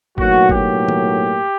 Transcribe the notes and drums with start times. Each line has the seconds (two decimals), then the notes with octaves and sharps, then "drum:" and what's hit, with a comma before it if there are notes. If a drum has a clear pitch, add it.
0.18 B1 A2 F#3 A#3 F#4, drum: kick
0.49 G4, drum: kick
0.88 drum: tom